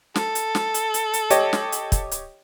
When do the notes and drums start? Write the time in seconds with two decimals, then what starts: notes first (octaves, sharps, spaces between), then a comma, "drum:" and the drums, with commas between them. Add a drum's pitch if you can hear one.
0.16 A4, drum: snare
0.35 drum: hi-hat
0.55 drum: snare
0.74 drum: hi-hat
0.94 drum: hi-hat
1.14 drum: hi-hat
1.30 G4 C#5 D#5, drum: hi-hat
1.53 drum: snare
1.72 drum: hi-hat
1.92 drum: kick, hi-hat
2.11 drum: hi-hat